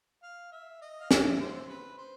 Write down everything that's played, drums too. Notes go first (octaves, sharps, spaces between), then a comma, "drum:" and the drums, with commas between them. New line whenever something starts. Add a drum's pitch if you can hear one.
F5
E5
D#5
F5
E5, drum: snare
C5
B4
C5